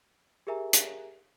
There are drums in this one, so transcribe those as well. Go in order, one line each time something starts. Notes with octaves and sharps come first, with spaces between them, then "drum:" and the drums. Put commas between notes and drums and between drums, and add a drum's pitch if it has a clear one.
G4 G#4 A#4 E5 G#5 A#5
drum: hi-hat